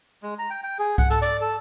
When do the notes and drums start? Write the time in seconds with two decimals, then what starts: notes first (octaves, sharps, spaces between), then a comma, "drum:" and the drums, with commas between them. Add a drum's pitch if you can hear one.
0.23 G#3
0.39 A#5
0.50 G5
0.64 G5
0.79 G#4
0.98 F#5, drum: kick C2
1.10 A4, drum: hi-hat
1.22 D5, drum: hi-hat
1.41 A4